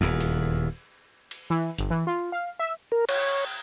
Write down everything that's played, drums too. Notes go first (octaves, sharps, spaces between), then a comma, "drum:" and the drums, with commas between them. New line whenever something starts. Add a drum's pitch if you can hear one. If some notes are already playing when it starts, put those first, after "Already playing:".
D#1 E2
drum: cymbal
drum: cymbal
E3
G1, drum: hi-hat
E3
F4
F5
E5
A#4
C#5, drum: cymbal